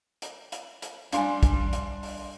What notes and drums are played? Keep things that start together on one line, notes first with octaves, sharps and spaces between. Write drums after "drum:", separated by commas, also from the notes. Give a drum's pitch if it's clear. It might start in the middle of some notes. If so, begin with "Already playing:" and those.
drum: hi-hat
drum: hi-hat
drum: hi-hat
G3 D4 F5 G#5 C6, drum: hi-hat
drum: kick, hi-hat
drum: hi-hat
drum: open hi-hat